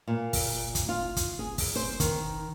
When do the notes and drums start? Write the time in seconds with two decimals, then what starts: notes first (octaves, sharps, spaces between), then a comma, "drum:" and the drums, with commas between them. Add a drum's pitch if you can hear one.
0.07 A#2
0.33 drum: kick, open hi-hat
0.75 drum: kick, hi-hat
0.89 F4
1.16 drum: kick, hi-hat
1.39 G#4
1.58 drum: kick, open hi-hat
1.76 C5
2.00 D#3, drum: kick, hi-hat